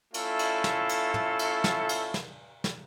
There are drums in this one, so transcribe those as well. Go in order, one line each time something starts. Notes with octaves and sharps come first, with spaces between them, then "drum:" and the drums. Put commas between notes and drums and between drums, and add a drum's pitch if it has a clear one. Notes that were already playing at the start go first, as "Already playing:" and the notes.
A3 C#4 E4 F4 A4, drum: cymbal
drum: cymbal
drum: snare
drum: cymbal
drum: tom
drum: cymbal
drum: snare
drum: cymbal
drum: snare
drum: snare